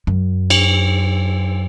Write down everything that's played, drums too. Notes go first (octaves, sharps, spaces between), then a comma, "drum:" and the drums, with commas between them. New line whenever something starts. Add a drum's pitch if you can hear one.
F#2
drum: cymbal